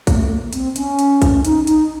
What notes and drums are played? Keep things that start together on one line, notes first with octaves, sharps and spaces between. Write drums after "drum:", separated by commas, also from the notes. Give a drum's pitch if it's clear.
A#3, drum: kick A#1, hi-hat
A3
A#3
C4, drum: hi-hat
C#4, drum: hi-hat
drum: hi-hat
drum: kick A#1, hi-hat
C#4
D#4, drum: hi-hat
D#4, drum: hi-hat